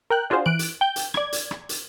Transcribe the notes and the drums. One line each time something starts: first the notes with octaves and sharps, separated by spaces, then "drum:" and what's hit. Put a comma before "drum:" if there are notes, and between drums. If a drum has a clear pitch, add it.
A#4 G5 F#6
D4 F4 F#4 G#4 C5
E3 F#6 D7
drum: hi-hat
G5 G6
drum: hi-hat
D5 G#6, drum: rim click
drum: hi-hat
drum: rim click
drum: hi-hat